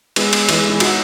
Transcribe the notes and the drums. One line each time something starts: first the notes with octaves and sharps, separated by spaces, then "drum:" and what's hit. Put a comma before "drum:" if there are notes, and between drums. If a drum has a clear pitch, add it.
G#3 B3, drum: cymbal
drum: cymbal
E3 G#3, drum: cymbal
E4
D#4 F#4, drum: cymbal